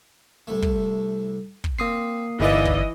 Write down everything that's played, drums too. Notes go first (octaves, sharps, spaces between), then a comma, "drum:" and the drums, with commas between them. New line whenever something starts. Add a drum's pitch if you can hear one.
C2 A3
drum: kick
drum: kick
A#3 C4 D#6 C7
G1 G#2 E3 A#3 D5 D#5 A5
drum: kick